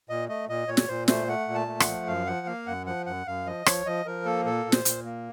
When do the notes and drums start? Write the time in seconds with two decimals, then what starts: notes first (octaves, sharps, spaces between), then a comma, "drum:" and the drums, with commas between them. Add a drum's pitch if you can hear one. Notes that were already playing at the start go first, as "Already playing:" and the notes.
0.09 A#2 D#5
0.29 A3 D#5
0.49 A#2 D#5
0.68 A#2 C#5
0.77 drum: snare
0.88 A#2 C5
1.08 A3 C5, drum: snare
1.28 A3 F#5
1.48 A#2
1.55 A5
1.68 A3
1.80 F#5, drum: rim click
1.87 F3
2.07 F#2 F5
2.27 F3 F#5
2.46 A#3 F5
2.67 F#2 F#5
2.86 F3 F#5
3.06 F#2 F#5
3.27 F#2 F5
3.46 F3 D#5
3.66 F3 C#5, drum: rim click
3.86 F3 D#5
4.06 F3 A#4
4.25 A#3 A4
4.45 A#2 A4
4.66 A#2
4.72 C5, drum: snare
4.85 A#2, drum: hi-hat
5.05 A#3